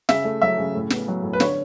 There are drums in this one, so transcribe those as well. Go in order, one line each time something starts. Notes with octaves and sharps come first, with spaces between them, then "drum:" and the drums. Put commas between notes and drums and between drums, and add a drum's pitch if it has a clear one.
C#3 E5, drum: snare
A3
F#3 E5
C#3
A2
B3, drum: snare
F#3
A2
B4
D3 C#5, drum: snare